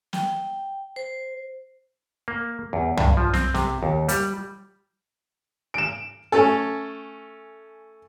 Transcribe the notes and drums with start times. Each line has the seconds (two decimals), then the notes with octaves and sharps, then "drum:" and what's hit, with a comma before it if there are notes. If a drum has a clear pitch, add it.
0.13 G5, drum: snare
0.96 C5
2.28 A#3
2.73 E2
2.97 G2, drum: tom C2
3.17 F3
3.34 C4, drum: snare
3.54 C3, drum: snare
3.83 D#2
4.09 G3, drum: hi-hat
5.74 D7 E7
6.32 A3 C#4 A4 G#5